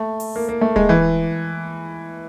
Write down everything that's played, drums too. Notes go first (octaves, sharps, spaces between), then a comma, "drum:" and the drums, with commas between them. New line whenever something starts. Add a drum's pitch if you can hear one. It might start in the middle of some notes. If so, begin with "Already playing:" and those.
Already playing: A3
drum: open hi-hat
A#3
A#3
A3
G#3, drum: kick D1
E3